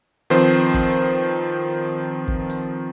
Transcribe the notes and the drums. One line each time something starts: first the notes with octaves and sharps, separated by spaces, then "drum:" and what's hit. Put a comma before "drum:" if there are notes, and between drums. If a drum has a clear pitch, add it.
D#3 F3 C4 B4 C5
drum: kick, hi-hat
drum: kick
drum: hi-hat